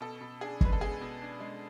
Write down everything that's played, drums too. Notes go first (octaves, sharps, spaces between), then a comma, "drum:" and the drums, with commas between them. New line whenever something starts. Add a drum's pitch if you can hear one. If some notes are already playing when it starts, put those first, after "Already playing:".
B2 A4
B2
D4 G#4
G#3 B4, drum: kick
A4
B2 G#4
B2
D4
G#3